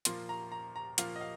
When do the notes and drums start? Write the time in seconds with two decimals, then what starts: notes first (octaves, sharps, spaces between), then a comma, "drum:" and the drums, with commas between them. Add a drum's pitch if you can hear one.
0.05 A#2 F3 A#3 C6, drum: hi-hat
0.29 A#5
0.52 A#5
0.76 A#5
0.98 A#2 F3 A#3 F5, drum: hi-hat
1.16 D#5
1.21 F5